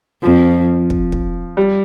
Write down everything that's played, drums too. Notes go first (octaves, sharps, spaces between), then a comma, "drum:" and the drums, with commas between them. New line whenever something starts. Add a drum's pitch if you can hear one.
F2 F3
drum: kick
drum: kick
G3